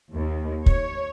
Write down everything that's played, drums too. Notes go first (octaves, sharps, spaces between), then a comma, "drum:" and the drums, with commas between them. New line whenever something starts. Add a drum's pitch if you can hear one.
D#2
C#5, drum: kick